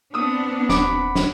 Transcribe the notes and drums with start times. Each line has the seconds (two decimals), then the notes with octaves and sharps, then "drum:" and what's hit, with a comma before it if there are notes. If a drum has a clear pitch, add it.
0.14 B3 C4 D4 D#6 E6
0.69 D#1 F#5 B5 D6, drum: snare
1.15 drum: snare